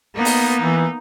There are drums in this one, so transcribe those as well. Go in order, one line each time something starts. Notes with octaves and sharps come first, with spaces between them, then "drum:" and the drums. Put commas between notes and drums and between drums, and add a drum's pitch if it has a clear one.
A#3 B3 D#4
drum: open hi-hat
E3